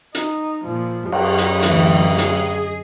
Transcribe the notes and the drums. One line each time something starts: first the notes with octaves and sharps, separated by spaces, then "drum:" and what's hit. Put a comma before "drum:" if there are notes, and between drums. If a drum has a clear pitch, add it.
D#4, drum: hi-hat
A#2 F3
F#2 D#5, drum: cymbal
drum: hi-hat
D2 E3, drum: hi-hat
G#4, drum: hi-hat